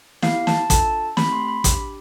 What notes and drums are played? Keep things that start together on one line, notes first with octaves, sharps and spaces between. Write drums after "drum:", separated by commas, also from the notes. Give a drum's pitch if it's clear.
B3 E4 G4 F5, drum: snare
A5, drum: snare
D4 F4 A4 A5, drum: kick, hi-hat
A3 C4 G4 B5, drum: snare
C6
B5
D4 G4, drum: kick, hi-hat